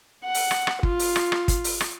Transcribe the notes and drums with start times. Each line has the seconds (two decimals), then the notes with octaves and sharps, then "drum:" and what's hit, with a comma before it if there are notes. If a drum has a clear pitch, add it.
0.25 F#5
0.34 drum: open hi-hat
0.51 drum: rim click
0.67 drum: rim click
0.83 F4, drum: kick
0.99 drum: open hi-hat
1.16 drum: rim click
1.32 drum: rim click
1.48 drum: kick, hi-hat
1.64 drum: open hi-hat
1.81 drum: rim click